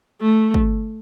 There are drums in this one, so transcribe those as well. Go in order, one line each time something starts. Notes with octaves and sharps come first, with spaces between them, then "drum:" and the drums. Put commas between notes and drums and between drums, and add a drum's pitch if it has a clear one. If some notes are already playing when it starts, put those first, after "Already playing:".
A3
drum: kick